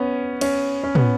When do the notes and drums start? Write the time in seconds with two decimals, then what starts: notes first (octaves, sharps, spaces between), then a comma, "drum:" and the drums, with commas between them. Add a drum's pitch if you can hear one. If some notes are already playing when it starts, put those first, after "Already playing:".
Already playing: B3 C#4
0.41 C#4, drum: cymbal
0.84 C#4
0.95 B3, drum: tom